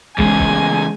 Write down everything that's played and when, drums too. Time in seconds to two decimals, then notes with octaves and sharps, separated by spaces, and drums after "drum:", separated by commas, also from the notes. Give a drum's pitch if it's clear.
0.18 E2 C#3 G#3 G#5, drum: kick
0.39 drum: kick